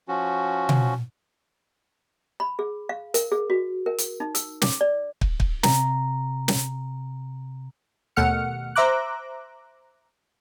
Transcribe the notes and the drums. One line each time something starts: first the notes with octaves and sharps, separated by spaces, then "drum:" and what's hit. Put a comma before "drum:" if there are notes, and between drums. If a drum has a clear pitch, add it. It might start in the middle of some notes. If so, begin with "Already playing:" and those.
F3 C#4 F#4
drum: tom B2
B5
G#4
F5
A#4, drum: hi-hat
G#4
F#4
A#4
drum: hi-hat
D#4
E6, drum: hi-hat
D6, drum: snare
D5
drum: kick
drum: kick
C3 A#5, drum: snare
drum: snare
D#2 B2 A3 F#5 F6 C#7
C5 E5 A#5 D6 F#6